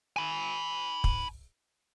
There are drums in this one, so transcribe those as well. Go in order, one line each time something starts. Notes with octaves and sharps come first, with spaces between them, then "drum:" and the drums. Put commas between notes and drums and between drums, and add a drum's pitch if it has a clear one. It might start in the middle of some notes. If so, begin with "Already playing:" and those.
G#5 B5
drum: kick